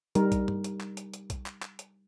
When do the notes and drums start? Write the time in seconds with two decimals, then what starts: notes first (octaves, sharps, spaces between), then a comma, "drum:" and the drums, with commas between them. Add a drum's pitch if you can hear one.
0.15 G3 D#4 A#4, drum: hi-hat
0.32 drum: kick B1, hi-hat
0.48 drum: tom G2
0.64 drum: hi-hat
0.81 drum: clap
0.97 drum: hi-hat
1.14 drum: hi-hat
1.30 drum: kick B1, hi-hat
1.46 drum: clap
1.63 drum: clap
1.79 drum: hi-hat